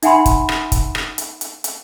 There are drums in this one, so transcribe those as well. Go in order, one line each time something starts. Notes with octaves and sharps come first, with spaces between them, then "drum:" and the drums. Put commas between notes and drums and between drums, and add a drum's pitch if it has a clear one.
D#4 E5 F#5 G#5 B5 C6, drum: hi-hat
drum: kick, hi-hat
drum: rim click
drum: kick, hi-hat
drum: rim click
drum: hi-hat
drum: hi-hat
drum: hi-hat